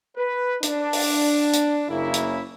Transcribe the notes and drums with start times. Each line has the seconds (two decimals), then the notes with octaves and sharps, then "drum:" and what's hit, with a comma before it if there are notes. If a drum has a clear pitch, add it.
0.16 B4
0.63 D4, drum: hi-hat
0.93 drum: open hi-hat
1.53 drum: hi-hat
1.89 F#1 C#3 A#3 E4
2.14 drum: hi-hat